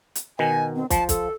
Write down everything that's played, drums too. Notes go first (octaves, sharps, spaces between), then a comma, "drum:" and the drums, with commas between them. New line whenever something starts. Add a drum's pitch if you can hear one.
drum: hi-hat
B2 D#3 G#5
C4
F3 A5, drum: kick, hi-hat
A4, drum: kick, hi-hat